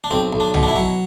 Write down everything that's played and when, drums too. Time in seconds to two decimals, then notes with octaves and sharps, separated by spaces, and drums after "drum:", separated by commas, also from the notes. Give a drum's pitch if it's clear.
0.04 D4
0.11 B1 C4
0.33 B1
0.40 D4
0.54 B2, drum: tom
0.63 D4
0.68 E4
0.76 F#3